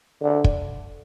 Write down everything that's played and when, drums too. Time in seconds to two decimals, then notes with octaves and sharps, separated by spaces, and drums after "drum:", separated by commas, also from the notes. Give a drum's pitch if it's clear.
0.22 D3
0.44 drum: kick